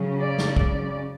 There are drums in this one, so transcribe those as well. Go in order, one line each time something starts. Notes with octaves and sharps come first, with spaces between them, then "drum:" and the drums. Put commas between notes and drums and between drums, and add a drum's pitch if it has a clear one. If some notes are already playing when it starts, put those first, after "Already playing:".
Already playing: C#3 F#3 C#4
D5
drum: snare
D5, drum: kick